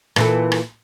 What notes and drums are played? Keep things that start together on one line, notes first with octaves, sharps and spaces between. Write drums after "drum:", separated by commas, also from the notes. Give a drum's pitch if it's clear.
A#2 E3 A4, drum: rim click
drum: rim click